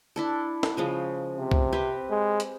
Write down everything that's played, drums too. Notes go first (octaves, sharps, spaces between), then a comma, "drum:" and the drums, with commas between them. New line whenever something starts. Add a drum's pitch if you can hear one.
D4 E4 A4
drum: snare
C#3 F3 G#3
C3
drum: kick
C4 G4 B4
G#3
drum: hi-hat